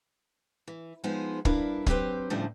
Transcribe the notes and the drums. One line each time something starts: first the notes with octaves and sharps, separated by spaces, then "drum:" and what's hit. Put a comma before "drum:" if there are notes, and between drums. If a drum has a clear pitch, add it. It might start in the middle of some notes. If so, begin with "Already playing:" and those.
E3
F3 G#3 B3 D#4 C5
G3 D4 E4 A#4 B4 F5, drum: kick
F#3 C4 G4 B4 C5, drum: kick
D2 A2 C#3 F3 G3 C5